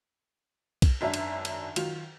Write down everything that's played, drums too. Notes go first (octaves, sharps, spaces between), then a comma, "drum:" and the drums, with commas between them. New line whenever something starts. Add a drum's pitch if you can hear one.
drum: kick, cymbal
G#1 F#2 D4 E5
drum: cymbal
drum: cymbal
D#3 F#3 F4 F7, drum: cymbal